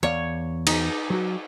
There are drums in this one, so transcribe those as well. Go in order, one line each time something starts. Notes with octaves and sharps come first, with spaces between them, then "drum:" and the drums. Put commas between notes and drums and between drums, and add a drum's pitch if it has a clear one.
E2 C#5 D5 F5
D#4, drum: cymbal
F#3 F#4